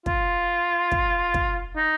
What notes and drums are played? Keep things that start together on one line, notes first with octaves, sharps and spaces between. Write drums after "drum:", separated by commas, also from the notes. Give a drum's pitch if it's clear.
F4, drum: kick
drum: kick
drum: kick
D#4